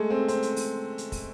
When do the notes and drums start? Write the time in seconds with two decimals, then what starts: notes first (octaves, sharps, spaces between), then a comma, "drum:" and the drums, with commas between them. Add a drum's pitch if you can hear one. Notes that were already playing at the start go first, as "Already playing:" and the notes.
Already playing: G#3 A3
0.10 C4
0.28 C4, drum: hi-hat
0.43 drum: hi-hat
0.56 drum: open hi-hat
0.98 drum: hi-hat
1.12 drum: kick, open hi-hat